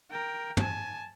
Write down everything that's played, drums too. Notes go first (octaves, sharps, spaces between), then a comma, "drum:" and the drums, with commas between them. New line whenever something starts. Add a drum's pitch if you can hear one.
A#4 G5
G#5 A5, drum: tom